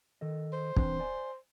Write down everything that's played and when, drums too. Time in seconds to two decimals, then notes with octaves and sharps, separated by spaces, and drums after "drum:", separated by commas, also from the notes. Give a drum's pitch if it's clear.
0.21 D#3 A4 D#5
0.53 C5
0.76 E3 C4 D4, drum: kick
1.00 D5 G#5